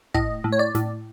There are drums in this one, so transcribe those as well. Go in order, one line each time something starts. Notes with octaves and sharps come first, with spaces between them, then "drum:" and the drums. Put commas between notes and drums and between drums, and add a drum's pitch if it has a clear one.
A2 D#5, drum: kick
A2
C#5
D5
A2, drum: snare